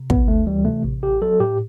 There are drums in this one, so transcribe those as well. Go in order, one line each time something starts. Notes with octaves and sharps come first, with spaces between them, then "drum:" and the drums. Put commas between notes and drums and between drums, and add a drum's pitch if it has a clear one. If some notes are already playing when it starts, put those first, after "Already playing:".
Already playing: C3
D2 B3, drum: kick
D2 A3
E3 G3
C3 A3
A1
A1 G4
F#3 A4
A2 G4